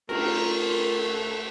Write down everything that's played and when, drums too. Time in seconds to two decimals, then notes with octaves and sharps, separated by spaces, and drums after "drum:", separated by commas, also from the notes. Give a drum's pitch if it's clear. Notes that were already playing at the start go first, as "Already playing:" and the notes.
0.09 A3 F4 A#4, drum: cymbal